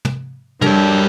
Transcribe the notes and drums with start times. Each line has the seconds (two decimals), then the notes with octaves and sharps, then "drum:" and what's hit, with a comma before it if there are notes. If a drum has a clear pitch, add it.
0.05 drum: tom
0.62 G3 D4 A4 A#4 C#5, drum: tom